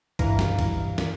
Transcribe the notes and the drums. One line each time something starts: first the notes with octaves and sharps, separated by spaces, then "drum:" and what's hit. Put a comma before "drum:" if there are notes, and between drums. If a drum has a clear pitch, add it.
G2 E3 F5 A#5, drum: kick B1, cymbal
drum: snare
drum: kick B1, cymbal
drum: snare